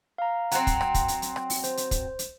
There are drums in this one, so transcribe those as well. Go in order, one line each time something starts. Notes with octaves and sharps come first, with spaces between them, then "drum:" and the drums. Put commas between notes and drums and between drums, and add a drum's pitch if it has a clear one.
F5 A#5
F#3 C4 F#5 A#5, drum: hi-hat
drum: kick, hi-hat
drum: rim click
drum: kick, hi-hat
drum: hi-hat
drum: hi-hat
drum: rim click
drum: open hi-hat
C5, drum: hi-hat
drum: hi-hat
drum: kick, hi-hat
drum: hi-hat